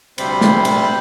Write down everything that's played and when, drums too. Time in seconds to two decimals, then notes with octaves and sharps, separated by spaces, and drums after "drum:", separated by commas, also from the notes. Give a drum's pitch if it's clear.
0.18 D2 C3 G3 C4 C5 B5, drum: cymbal
0.41 drum: snare
0.65 drum: cymbal